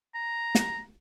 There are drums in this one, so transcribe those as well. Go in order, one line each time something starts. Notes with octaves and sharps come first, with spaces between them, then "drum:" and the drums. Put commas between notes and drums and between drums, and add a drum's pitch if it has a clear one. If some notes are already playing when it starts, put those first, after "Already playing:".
A#5
drum: snare